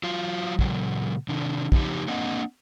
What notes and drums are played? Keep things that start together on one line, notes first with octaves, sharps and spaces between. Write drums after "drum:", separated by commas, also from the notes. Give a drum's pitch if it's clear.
F#3 F4 F5
A#2 C#3 F#3, drum: kick
C3 D#3 D4
C#3 F3 D#4 G4, drum: kick
A#3 C4 D4 D#5 F#5